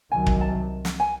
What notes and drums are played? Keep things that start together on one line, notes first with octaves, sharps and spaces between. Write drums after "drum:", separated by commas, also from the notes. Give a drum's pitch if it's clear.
C2 C3 D#3 F#3 G#5
drum: kick
A5
drum: snare
G#5